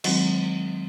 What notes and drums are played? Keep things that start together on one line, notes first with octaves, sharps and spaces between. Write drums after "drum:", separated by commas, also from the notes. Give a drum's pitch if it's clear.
D#3 F#3 G#3 C4, drum: cymbal